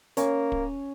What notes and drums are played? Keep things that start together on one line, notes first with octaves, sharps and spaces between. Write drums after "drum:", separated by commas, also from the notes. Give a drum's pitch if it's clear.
A#3 C#4, drum: hi-hat
drum: kick